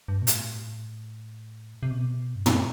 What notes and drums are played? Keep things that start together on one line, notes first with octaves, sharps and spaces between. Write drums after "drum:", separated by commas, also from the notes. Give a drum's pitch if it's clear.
G2
B2
A2, drum: hi-hat
C3
B2
G2
F#2, drum: tom